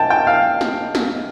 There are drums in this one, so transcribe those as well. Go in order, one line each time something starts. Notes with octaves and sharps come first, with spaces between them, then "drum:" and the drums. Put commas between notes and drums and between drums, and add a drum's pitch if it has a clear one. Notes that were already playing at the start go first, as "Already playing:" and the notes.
Already playing: G5 A5
G5
F5
drum: snare
drum: snare